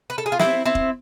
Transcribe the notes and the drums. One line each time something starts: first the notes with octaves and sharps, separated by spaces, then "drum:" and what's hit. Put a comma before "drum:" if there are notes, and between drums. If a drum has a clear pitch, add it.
B4
A4
G#4
F4
C4 E4, drum: snare
C4 E4
drum: kick E1